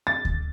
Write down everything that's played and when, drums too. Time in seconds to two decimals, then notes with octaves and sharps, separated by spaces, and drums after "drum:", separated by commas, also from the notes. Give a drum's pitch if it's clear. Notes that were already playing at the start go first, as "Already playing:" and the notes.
0.07 A6
0.25 drum: kick D2